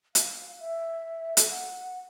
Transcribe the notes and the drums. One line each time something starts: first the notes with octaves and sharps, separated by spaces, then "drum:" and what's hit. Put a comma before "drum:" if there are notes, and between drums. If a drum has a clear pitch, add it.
F5, drum: hi-hat
E5
A4, drum: hi-hat
F#5